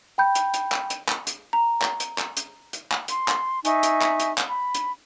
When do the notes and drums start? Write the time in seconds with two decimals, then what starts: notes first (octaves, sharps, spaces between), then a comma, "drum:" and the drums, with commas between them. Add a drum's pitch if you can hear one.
0.18 G5 B5 G6
0.35 drum: hi-hat
0.54 drum: hi-hat
0.72 drum: clap
0.90 drum: hi-hat
1.09 drum: clap
1.27 drum: hi-hat
1.53 A#5
1.82 drum: clap
2.00 drum: hi-hat
2.18 drum: clap
2.37 drum: hi-hat
2.73 drum: hi-hat
2.92 drum: clap
3.08 C6, drum: hi-hat
3.28 drum: clap
3.65 D#4 E5 G#5 C#6, drum: hi-hat
3.83 drum: hi-hat
4.01 drum: clap
4.20 drum: hi-hat
4.38 drum: clap
4.47 B5
4.75 drum: hi-hat